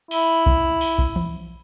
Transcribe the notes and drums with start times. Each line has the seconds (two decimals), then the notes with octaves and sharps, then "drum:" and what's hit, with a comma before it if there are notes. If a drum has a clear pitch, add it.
0.11 E4, drum: cymbal
0.46 drum: kick B1
0.81 drum: cymbal
0.98 drum: kick B1
1.16 drum: tom E3